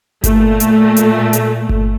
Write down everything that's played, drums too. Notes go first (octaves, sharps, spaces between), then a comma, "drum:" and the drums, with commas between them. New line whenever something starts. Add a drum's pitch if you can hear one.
A#2 A3, drum: kick G1, hi-hat
drum: hi-hat
drum: hi-hat
drum: hi-hat
drum: kick G1